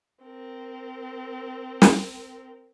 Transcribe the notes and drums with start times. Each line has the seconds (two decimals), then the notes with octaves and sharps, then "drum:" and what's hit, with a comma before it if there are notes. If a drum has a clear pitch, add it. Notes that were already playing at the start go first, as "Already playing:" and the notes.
0.23 C4 A#4
1.82 drum: snare